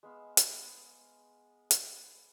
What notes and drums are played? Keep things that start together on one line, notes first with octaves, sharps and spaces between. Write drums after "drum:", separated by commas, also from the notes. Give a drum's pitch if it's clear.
G#3 B3 F5 E6
drum: hi-hat
drum: hi-hat